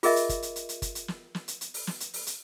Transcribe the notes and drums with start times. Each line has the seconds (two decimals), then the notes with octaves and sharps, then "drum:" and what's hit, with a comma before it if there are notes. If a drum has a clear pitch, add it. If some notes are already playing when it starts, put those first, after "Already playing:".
0.03 F4 G#4 A#4 D#5 E5, drum: open hi-hat
0.16 drum: hi-hat
0.29 drum: kick, hi-hat
0.42 drum: hi-hat
0.56 drum: hi-hat
0.69 drum: hi-hat
0.82 drum: kick, hi-hat
0.95 drum: hi-hat
1.08 drum: snare
1.35 drum: snare
1.48 drum: hi-hat
1.61 drum: hi-hat
1.74 drum: open hi-hat
1.87 drum: snare
2.00 drum: hi-hat
2.14 drum: open hi-hat
2.27 drum: hi-hat